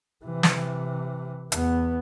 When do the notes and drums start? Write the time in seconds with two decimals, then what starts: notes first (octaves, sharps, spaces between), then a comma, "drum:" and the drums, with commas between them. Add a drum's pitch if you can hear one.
0.25 C3 E3
0.43 drum: snare
1.52 E2 B3, drum: hi-hat